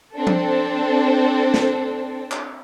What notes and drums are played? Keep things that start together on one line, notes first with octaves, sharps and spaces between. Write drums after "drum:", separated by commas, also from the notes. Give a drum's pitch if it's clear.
C4 D4 A4
drum: tom F3
drum: snare
drum: clap